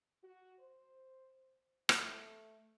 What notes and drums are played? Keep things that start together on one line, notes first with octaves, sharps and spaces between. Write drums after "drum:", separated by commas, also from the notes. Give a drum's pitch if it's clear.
F#4
C5
A3, drum: rim click